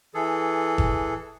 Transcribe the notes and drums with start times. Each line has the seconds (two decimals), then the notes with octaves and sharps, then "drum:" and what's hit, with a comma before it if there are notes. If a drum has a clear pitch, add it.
0.14 E3 G#4 A4
0.78 drum: kick